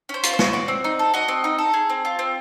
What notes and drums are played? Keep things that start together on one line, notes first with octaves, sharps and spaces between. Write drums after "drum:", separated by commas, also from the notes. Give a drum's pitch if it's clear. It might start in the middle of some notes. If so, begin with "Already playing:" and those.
C#4 C5
F4, drum: hi-hat
C5
C#4, drum: snare
F#4 D5
C4
D#4
A4
F#4 D#5
C4
D#4
A4
G#4
C4
F4
C4